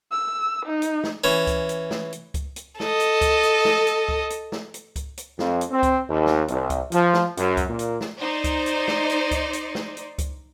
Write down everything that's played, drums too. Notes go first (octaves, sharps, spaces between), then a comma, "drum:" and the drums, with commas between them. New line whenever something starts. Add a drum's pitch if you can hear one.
E6
D#4
drum: hi-hat
drum: snare
E3 C#4
drum: kick C#2, hi-hat
drum: hi-hat
drum: snare
drum: hi-hat
drum: kick C#2, hi-hat
drum: hi-hat
A4 D#5, drum: snare
drum: hi-hat
drum: kick C#2, hi-hat
drum: hi-hat
drum: snare
drum: hi-hat
drum: kick C#2
drum: hi-hat
drum: snare
drum: hi-hat
drum: kick C#2, hi-hat
drum: hi-hat
F2, drum: snare
drum: hi-hat
C4
drum: kick C#2, hi-hat
D#2
drum: snare
C2, drum: hi-hat
drum: kick C#2, hi-hat
F3, drum: hi-hat
drum: snare
F#2, drum: hi-hat
drum: kick C#2, hi-hat
A#2
drum: hi-hat
drum: snare
D#4 C5 D5
drum: kick C#2, hi-hat
drum: hi-hat
drum: snare
drum: hi-hat
drum: kick C#2, hi-hat
drum: hi-hat
drum: snare
drum: hi-hat
drum: kick C#2, hi-hat